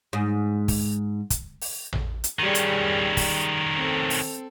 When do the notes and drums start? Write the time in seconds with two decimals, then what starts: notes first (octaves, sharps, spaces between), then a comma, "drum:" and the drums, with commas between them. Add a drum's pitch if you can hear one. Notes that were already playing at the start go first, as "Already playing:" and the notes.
0.13 G#2
0.68 drum: kick, open hi-hat
1.30 drum: kick, hi-hat
1.61 drum: open hi-hat
1.93 drum: tom A1
2.24 drum: hi-hat
2.39 D#3 G3 C#4 G#4
2.55 drum: hi-hat
3.17 drum: kick, open hi-hat
3.75 C4 A4
4.10 drum: open hi-hat